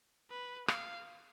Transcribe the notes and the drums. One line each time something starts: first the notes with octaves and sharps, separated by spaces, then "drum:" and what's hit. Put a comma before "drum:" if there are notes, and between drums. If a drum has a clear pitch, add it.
B4
F5, drum: rim click